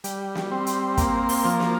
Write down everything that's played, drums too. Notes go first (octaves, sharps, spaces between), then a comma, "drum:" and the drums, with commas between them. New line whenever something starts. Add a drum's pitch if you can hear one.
G3, drum: hi-hat
drum: snare
C4
drum: hi-hat
A#3, drum: kick, hi-hat
drum: open hi-hat
F3
drum: snare